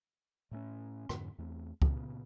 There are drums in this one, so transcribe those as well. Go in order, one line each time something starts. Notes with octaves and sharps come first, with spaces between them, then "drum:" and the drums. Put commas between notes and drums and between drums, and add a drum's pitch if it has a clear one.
A2 A3 A#3 C#4
F2 G#2 D3, drum: rim click
E2 A3 C4
A#2 C#3 B3, drum: kick C#2